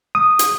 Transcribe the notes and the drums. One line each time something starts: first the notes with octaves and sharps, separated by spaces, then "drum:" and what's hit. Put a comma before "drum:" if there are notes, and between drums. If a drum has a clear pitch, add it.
D#6
drum: hi-hat